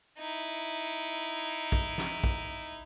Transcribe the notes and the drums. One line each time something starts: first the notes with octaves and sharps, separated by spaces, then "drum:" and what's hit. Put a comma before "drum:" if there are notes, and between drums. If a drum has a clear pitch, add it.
D#4 E4
drum: kick A#1
drum: snare
drum: kick A#1